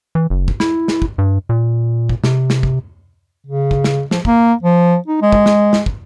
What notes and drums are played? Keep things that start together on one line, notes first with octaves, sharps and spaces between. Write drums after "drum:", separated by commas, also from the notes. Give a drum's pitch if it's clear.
E3
F#1
drum: kick
E4, drum: snare
drum: snare
drum: kick
G2
A#2
drum: kick
C3, drum: snare
drum: snare
drum: kick
C#3
drum: kick
drum: snare
F3, drum: snare
A#3, drum: kick
F3
D#4
G#3
drum: kick
drum: snare
drum: snare
drum: kick